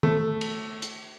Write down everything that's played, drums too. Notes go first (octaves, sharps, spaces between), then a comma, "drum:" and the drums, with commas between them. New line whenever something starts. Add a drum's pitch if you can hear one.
A3, drum: tom
drum: cymbal
drum: hi-hat